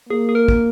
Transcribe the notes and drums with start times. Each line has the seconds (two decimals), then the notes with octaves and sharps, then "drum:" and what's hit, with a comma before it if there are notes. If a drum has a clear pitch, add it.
0.09 A#3 G#4
0.29 G#4
0.35 A#4
0.48 drum: kick